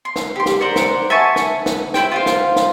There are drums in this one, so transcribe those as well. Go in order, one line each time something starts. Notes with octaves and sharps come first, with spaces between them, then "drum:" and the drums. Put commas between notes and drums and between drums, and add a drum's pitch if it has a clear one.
C6
drum: snare
G4 C6
drum: snare
A#4 C5 D5 F#5
drum: snare
E5 G#5 A5 C#6
drum: snare
drum: snare
E4 C5 G5, drum: snare
F4 C5 F5
drum: snare
drum: snare